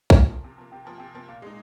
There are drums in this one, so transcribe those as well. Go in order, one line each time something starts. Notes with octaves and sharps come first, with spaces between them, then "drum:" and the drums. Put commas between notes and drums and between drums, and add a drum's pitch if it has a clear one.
A#5, drum: kick B1
C3 G#5
F3 A#3
C3
F3 A#3
C3 G5
F3 A#3 G#5
C3 G5
F3 A#3
A#2 F5
G#3 D#4 D#5